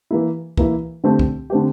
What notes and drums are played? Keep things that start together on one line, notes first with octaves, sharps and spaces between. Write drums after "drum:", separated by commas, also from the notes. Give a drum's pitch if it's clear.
E3 A#3 E4
E3 A#3 E4, drum: kick C2
D3 A3 C4 G4
drum: kick C2
D3 A3 C4 G4